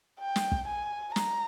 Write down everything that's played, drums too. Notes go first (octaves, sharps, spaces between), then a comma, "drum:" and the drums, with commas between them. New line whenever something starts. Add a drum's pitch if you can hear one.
G5
drum: snare
drum: kick
G#5
A#5, drum: snare